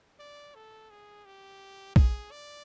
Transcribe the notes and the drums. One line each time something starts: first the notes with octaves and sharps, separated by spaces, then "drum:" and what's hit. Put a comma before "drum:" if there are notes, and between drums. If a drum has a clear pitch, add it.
D5
A4
G#4
G4
G#4, drum: kick
D5